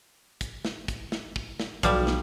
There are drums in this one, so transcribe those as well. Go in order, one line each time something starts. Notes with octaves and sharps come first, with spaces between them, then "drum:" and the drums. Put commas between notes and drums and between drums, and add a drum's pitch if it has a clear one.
drum: kick, hi-hat
drum: snare
drum: kick, hi-hat
drum: snare
drum: kick
drum: snare
B1 F3 G3, drum: kick, hi-hat
drum: snare